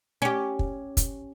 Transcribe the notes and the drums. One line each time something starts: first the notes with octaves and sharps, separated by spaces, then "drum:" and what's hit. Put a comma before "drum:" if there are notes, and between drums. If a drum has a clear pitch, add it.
C#4 G4
drum: kick
drum: kick, hi-hat